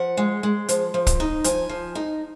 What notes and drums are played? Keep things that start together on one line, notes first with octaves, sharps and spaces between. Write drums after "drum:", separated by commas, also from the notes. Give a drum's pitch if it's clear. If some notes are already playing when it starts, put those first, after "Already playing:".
Already playing: F3 F#5
G#3
G#3
F3, drum: hi-hat
F3
drum: kick, hi-hat
D#4
F3 G#5, drum: hi-hat
F3
D#4